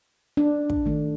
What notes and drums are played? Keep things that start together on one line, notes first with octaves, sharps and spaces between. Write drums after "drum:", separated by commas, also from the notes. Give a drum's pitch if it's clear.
D4
drum: kick
D#3 A3